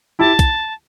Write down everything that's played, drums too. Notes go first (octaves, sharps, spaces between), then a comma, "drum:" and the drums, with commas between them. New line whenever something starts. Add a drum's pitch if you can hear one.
E4 G4 A5
drum: kick, hi-hat